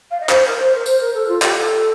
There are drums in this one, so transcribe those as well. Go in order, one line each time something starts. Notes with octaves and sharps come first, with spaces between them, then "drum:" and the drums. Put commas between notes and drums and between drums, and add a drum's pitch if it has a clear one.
F5
D#5
C5, drum: clap
A#4
C5
A#4
C5, drum: tambourine
A#4
A4
F4
G4, drum: clap
A4